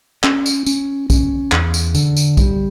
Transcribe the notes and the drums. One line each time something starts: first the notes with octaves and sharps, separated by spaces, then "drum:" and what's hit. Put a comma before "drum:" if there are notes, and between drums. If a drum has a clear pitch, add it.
C#4, drum: clap
drum: tambourine
C#4, drum: tambourine
C#4, drum: kick, tambourine
E2, drum: clap
drum: tambourine
D3, drum: tambourine
drum: tambourine
G3, drum: kick, tambourine